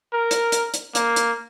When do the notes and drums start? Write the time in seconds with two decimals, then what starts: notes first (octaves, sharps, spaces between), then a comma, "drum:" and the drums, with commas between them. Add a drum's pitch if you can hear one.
0.13 A#4
0.31 drum: hi-hat
0.52 drum: hi-hat
0.74 drum: hi-hat
0.95 A#3, drum: hi-hat
1.16 drum: hi-hat